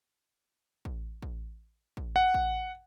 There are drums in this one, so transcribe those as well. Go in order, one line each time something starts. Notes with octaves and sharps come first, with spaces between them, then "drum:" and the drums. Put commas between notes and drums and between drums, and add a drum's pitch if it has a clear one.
drum: kick A1
drum: kick A1
drum: kick A1
F#5
drum: kick A1